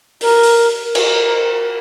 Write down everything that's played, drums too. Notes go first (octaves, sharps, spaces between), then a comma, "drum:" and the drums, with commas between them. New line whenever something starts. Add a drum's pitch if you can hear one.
A#4, drum: open hi-hat
drum: open hi-hat
A#4
drum: cymbal